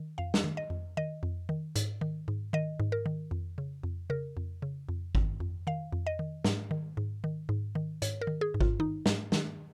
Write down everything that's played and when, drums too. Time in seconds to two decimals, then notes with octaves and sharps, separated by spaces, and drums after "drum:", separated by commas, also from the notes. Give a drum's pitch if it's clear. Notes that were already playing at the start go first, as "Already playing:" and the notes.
Already playing: D#3
0.18 F2 F5
0.34 drum: snare
0.44 D#3
0.57 D#5
0.70 F2
0.97 D#3 D#5
1.23 F2
1.49 D#3
1.76 G#2, drum: hi-hat
2.01 D#3
2.28 G#2
2.53 D#3 D#5
2.80 G#2
2.92 A#4
3.06 D#3
3.31 F2
3.58 C#3
3.83 F2
4.10 C#3 A#4
4.37 F2
4.62 C#3
4.89 F2
5.15 D#3, drum: kick G#1
5.40 F2
5.67 D#3 F5
5.93 F2
6.07 D#5
6.19 D#3
6.44 G#2, drum: snare
6.71 D#3
6.97 G#2
7.24 D#3
7.49 G#2
7.75 D#3
8.02 G#2 C#5, drum: hi-hat
8.21 A#4
8.27 D#3
8.41 G#4
8.54 G#2
8.61 F4, drum: kick G#1
8.80 D#3 D#4
9.06 G#2, drum: snare
9.32 D#3, drum: snare